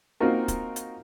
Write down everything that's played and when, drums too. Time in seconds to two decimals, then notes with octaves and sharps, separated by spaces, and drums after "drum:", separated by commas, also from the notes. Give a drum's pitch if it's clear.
0.20 A#3 C4 D#4 F4 F#4 A#4
0.48 drum: kick, hi-hat
0.76 drum: hi-hat